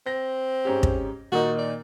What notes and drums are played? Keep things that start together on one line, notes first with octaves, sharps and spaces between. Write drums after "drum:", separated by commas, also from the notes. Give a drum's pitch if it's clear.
C4 A#6
G#2 C#4 G4
drum: kick
A#2 D#3 D#4 F#4
D5